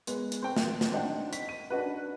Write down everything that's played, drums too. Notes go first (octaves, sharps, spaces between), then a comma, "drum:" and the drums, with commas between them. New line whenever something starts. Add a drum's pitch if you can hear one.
G#3 B3, drum: hi-hat
drum: hi-hat
C4 G5
drum: snare
drum: snare
C4 D4 D#4 F#5 G5
B6, drum: hi-hat
D#7
D4 D#4 F#4 B4